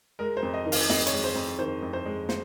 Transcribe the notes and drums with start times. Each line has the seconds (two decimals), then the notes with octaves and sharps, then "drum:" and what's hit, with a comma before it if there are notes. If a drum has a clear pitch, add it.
0.19 G#3 A#4
0.37 C5
0.43 F2
0.54 D#5
0.66 D#3
0.72 F5, drum: open hi-hat
0.89 F2 D#5, drum: snare
1.07 C#5, drum: hi-hat
1.13 G#3
1.24 C5
1.35 F2
1.59 D#3 C5
1.82 F2
1.93 C5
2.06 G#3
2.29 C5, drum: snare